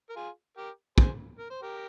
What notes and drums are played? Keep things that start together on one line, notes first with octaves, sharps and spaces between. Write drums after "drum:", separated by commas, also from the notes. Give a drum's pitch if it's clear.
A#4
F4 G#4
G4 A#4
G#4 C5, drum: kick
A#4
C5
G4 A#4